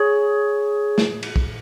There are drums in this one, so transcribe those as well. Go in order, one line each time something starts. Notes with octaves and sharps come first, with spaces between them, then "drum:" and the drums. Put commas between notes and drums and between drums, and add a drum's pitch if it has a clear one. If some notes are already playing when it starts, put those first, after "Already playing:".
Already playing: G#4 C#5
drum: snare
drum: cymbal
drum: kick